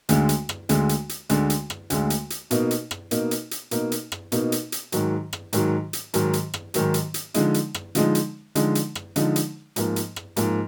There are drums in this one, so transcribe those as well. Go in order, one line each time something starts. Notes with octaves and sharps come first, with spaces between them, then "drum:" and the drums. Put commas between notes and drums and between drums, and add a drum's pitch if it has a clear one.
D2 D3 G#3, drum: hi-hat
drum: hi-hat
drum: rim click
D2 D3 G#3, drum: hi-hat
drum: hi-hat
drum: hi-hat
D2 D3 G#3, drum: hi-hat
drum: hi-hat
drum: rim click
D2 D3 G#3, drum: hi-hat
drum: hi-hat
drum: hi-hat
B2 A#3 D#4, drum: hi-hat
drum: hi-hat
drum: rim click
B2 A#3 D#4, drum: hi-hat
drum: hi-hat
drum: hi-hat
B2 A#3 D#4, drum: hi-hat
drum: hi-hat
drum: rim click
B2 A#3 D#4, drum: hi-hat
drum: hi-hat
drum: hi-hat
G#2 D#3 F#3, drum: hi-hat
drum: rim click
G#2 D#3 F#3, drum: hi-hat
drum: hi-hat
G#2 D#3 F#3, drum: hi-hat
drum: hi-hat
drum: rim click
G#2 D#3 F#3, drum: hi-hat
drum: hi-hat
drum: hi-hat
D3 F3 G#3 D#4, drum: hi-hat
drum: hi-hat
drum: rim click
D3 F3 G#3 D#4, drum: hi-hat
drum: hi-hat
D3 F3 G#3 D#4, drum: hi-hat
drum: hi-hat
drum: rim click
D3 F3 G#3 D#4, drum: hi-hat
drum: hi-hat
G#2 F3 A#3, drum: hi-hat
drum: hi-hat
drum: rim click
G#2 F3 A#3, drum: hi-hat